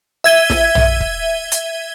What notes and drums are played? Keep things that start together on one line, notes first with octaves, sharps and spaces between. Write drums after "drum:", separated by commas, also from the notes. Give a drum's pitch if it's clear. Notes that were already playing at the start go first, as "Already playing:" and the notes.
E5 G#6 D#7 G7
drum: snare
drum: tom
drum: kick
drum: hi-hat